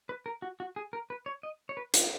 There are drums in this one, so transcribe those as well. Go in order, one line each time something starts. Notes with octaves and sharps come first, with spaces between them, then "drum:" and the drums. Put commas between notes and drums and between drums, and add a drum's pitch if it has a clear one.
B4
A#4
F#4
F#4
G#4
A#4
B4
C#5
D#5
C#5
B4
F4, drum: hi-hat